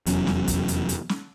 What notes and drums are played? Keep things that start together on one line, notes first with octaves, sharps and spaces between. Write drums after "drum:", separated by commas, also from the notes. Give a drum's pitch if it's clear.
F1 E2 F#3 C#4, drum: hi-hat
drum: snare
drum: kick, hi-hat
drum: hi-hat
drum: hi-hat
drum: snare